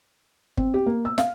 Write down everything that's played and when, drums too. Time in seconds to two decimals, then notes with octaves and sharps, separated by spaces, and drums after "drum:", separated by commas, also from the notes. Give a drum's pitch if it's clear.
0.57 C4, drum: kick
0.74 G4
0.86 A#3
1.05 E6
1.18 F5, drum: snare